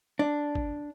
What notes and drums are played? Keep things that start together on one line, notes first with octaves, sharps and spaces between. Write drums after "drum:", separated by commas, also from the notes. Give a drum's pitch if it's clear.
D4
drum: kick G1